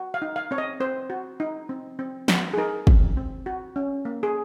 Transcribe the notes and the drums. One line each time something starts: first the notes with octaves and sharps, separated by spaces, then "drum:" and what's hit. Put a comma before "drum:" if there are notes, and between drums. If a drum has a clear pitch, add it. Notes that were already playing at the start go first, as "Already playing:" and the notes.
Already playing: F#4
F5
D#4
F5
C4 C#5
D#5
C4 C5
F#4
D#4
C4
C4
F#4, drum: snare
G#4
D#4 A#4
C4, drum: kick
C4
F#4
C#4
A#3
G#4